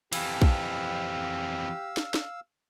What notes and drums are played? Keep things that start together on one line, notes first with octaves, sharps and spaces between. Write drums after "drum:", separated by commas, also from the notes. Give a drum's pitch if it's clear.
F2 E3 G4 F5 E6, drum: cymbal
drum: kick
drum: snare
drum: snare